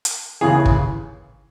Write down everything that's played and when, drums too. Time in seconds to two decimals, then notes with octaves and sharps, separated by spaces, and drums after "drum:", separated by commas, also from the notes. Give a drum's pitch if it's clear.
0.05 drum: hi-hat
0.41 D#2 C#3 E3 G#4
0.65 drum: kick